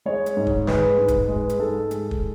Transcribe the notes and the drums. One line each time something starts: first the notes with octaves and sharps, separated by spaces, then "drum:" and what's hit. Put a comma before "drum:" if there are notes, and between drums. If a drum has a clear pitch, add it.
G#3 C#5
drum: hi-hat
G#2
drum: kick
G#3 B4, drum: snare
G#2
drum: kick, hi-hat
G#3 B4
drum: hi-hat
G#2 A4
G#3, drum: hi-hat
drum: kick